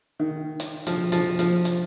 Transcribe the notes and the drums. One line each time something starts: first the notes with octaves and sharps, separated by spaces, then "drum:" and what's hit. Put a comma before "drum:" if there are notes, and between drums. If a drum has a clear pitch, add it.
D#3
drum: hi-hat
F3, drum: hi-hat
F3, drum: hi-hat
F3, drum: hi-hat
drum: hi-hat